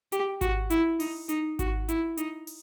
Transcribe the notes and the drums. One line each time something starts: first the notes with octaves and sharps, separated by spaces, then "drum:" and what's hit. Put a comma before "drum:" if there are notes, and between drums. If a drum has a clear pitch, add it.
G4, drum: hi-hat
F#4, drum: kick G#1, hi-hat
E4, drum: hi-hat
D#4, drum: open hi-hat
D#4, drum: hi-hat
F#4, drum: kick G#1, hi-hat
E4, drum: hi-hat
D#4, drum: hi-hat
drum: open hi-hat